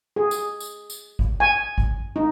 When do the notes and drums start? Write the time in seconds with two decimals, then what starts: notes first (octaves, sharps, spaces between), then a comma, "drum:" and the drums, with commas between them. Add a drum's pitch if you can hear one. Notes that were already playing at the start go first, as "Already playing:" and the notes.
0.16 G#4
0.31 drum: tambourine
0.60 drum: tambourine
0.90 drum: tambourine
1.19 drum: kick G#1
1.40 G#5
1.78 drum: kick G#1
2.16 D#4